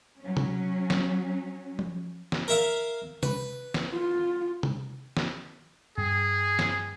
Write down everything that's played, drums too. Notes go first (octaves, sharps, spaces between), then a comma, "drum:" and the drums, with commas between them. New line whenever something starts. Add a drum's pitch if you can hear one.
F#3 C#4
drum: tom C3
drum: snare
drum: tom F3
drum: snare
A#4 E5 F5
B4, drum: tom C3
drum: snare
F4
drum: tom C3
drum: snare
G2 G#4
drum: snare